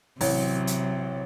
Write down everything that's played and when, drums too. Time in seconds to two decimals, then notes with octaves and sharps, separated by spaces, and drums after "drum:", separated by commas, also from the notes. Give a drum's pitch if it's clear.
0.21 A1 C3 F#3, drum: open hi-hat
0.67 drum: hi-hat